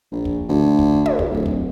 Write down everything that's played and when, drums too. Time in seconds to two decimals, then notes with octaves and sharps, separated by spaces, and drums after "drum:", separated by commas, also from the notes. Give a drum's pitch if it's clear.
0.12 A#1
0.25 drum: kick
0.49 D2
0.79 drum: kick
1.06 drum: tom
1.19 drum: kick
1.32 D1
1.46 drum: kick